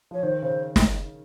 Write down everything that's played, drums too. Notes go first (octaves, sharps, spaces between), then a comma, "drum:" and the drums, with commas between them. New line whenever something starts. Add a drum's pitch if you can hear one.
F3 C#5
D#3 C5
C#3 C5
drum: snare